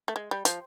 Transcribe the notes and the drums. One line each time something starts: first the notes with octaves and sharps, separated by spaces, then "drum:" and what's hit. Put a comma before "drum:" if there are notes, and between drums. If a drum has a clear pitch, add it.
A3
G#3
G3
F3, drum: hi-hat